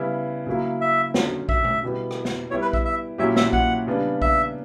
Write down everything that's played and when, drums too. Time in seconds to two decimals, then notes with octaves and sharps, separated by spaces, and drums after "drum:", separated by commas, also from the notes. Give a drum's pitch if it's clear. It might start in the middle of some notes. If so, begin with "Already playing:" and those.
Already playing: C#3 G3 B3 E4
0.47 C#3 F#3 A#3 E4
0.81 E5
1.14 D3 F#3 C#4, drum: snare
1.49 E5, drum: kick A#1
1.64 drum: tom B2
1.83 B2 G3 B3 E4 G4
2.11 drum: rim click
2.25 drum: snare
2.51 G3 B3 E4 C#5
2.62 B4
2.73 E5, drum: kick A#1
2.85 E5
3.18 A#2 F#3 C#4 E4 G4 E5
3.36 E5, drum: snare
3.53 F#5, drum: kick A#1
3.87 C#3 G3 B3 D4
4.22 E5, drum: kick A#1